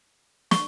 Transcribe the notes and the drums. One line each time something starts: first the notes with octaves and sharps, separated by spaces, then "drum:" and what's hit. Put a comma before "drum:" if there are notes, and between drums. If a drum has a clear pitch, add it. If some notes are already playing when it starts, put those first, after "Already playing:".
C#6, drum: snare